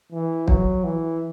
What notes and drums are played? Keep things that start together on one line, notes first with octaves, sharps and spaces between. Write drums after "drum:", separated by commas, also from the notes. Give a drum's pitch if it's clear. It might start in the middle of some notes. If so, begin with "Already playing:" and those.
E3
F#3, drum: kick
E3